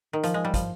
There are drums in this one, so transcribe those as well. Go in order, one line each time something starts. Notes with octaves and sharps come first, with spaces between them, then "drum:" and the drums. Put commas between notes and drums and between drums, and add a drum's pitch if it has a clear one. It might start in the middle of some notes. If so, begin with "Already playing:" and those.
D#3
F3, drum: hi-hat
G#3
G3
F3, drum: kick, hi-hat